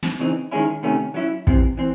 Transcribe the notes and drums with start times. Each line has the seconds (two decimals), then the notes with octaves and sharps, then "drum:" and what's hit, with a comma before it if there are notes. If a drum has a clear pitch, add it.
0.03 drum: snare
0.19 C#3 E3 C4 D#4
0.51 D#3 G#3 C#4 E4
0.83 C3 D#3 A3 C#4
1.14 F#3 C#4 E4
1.47 C3 E3 C4, drum: kick
1.77 E3 C4